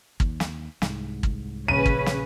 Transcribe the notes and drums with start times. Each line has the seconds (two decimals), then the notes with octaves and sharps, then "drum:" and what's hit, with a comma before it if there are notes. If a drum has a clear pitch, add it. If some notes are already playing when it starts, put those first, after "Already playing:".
0.20 D#2, drum: kick
0.40 drum: snare
0.82 C2 G#2, drum: snare
1.23 drum: kick
1.68 A#1 C#3 C#4 B4 D#7
1.86 drum: kick
2.06 drum: snare